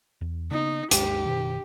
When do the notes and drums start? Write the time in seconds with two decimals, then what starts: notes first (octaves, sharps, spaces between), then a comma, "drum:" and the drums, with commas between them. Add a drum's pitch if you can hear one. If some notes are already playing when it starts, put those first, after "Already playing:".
0.21 E2
0.51 C#3 A#3 B3 D#4
0.91 G#1 D#2 G#3 G4, drum: hi-hat
1.25 F#1 B2 D#3